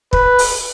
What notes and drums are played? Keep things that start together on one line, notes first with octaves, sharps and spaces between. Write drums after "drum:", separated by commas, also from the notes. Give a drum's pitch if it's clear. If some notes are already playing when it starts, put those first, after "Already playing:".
B4, drum: kick
drum: open hi-hat